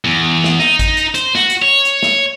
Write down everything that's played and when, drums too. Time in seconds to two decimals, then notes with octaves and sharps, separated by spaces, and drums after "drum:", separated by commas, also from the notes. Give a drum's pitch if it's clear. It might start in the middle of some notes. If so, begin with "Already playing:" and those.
0.05 E2
0.44 drum: snare
0.59 D#4, drum: snare
0.79 drum: kick, hi-hat
0.97 drum: hi-hat
1.15 C5, drum: hi-hat
1.35 F#4, drum: snare
1.50 drum: hi-hat
1.62 C#5
1.85 drum: hi-hat
2.03 drum: snare